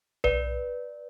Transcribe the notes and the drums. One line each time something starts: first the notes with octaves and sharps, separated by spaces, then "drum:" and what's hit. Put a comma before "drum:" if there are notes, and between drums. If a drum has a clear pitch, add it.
B4 D5, drum: tom B1